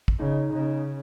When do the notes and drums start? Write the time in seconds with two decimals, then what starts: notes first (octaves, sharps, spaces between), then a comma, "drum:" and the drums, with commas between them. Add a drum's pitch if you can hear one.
0.08 drum: kick
0.19 C#3 D#4
0.53 C#3